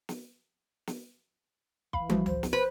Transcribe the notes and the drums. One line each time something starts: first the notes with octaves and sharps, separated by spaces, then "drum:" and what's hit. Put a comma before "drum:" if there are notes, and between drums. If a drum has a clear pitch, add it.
drum: snare
drum: snare
E3 F5 B5, drum: kick
A1 F3 F#4, drum: tom
C5, drum: tom C#2
drum: snare
B4 C5